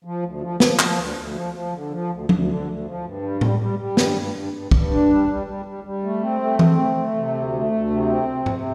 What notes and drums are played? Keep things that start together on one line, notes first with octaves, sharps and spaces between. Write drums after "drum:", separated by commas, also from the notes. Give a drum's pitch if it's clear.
F3
D2
F3
F3, drum: snare
F3, drum: clap
D2
D2
F3
F3
D3
F3
D2
D2, drum: tom F3
D3
D2
F3
G2
G3
G3, drum: tom A2
G3
G3
G2, drum: snare
G2
G2
G2
G2, drum: kick
D4
G3
G3
G3
G3
G3
A3
C4
A3
C4, drum: tom E3
A3
A3
C3
D2
A3
D2
C3
C4
C3
C3, drum: tom G#2